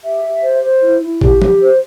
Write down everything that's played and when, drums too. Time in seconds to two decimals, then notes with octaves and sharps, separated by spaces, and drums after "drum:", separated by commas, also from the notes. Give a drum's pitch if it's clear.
0.04 G4 E5
0.24 G4
0.43 C5
0.63 C5
0.82 E4
1.02 E4
1.21 G4, drum: kick G#1
1.42 G4, drum: tom F3
1.60 C5